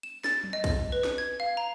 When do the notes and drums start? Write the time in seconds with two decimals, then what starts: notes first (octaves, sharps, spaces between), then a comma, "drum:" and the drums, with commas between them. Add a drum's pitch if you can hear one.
0.03 E7
0.24 A6, drum: snare
0.44 drum: tom F#3
0.53 D#5
0.64 drum: kick, cymbal
0.92 B4
1.04 drum: snare
1.18 G#6
1.40 F5
1.57 A#5